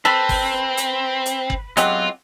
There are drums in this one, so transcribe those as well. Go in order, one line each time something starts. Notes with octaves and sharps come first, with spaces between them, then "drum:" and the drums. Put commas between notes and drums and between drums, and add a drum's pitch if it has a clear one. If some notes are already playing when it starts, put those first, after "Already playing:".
C4 A4 B4
drum: kick, open hi-hat
drum: hi-hat
drum: hi-hat
drum: kick
F#3 G#3 B3 C4 F4 G4 F#5, drum: hi-hat